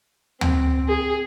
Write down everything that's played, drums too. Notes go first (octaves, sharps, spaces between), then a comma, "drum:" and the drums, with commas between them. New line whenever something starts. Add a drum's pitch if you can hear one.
C4, drum: tom D2
G#4